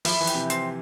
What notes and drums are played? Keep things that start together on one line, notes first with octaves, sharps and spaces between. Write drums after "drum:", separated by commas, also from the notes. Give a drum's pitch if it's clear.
F3 E4, drum: open hi-hat
E3
G4, drum: hi-hat
C3
C4, drum: hi-hat